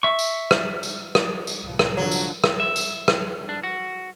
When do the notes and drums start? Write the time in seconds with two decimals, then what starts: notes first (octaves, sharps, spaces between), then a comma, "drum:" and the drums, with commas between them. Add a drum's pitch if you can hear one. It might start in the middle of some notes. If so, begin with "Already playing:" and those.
0.03 E5 C#6
0.19 drum: tambourine
0.51 drum: rim click
0.83 drum: tambourine
1.15 drum: rim click
1.47 drum: tambourine
1.62 C2 A2 F3
1.79 drum: rim click
1.97 D3 F3 F#3
2.12 drum: tambourine
2.44 drum: rim click
2.60 E5
2.76 drum: tambourine
3.08 drum: rim click
3.49 D4
3.63 F#4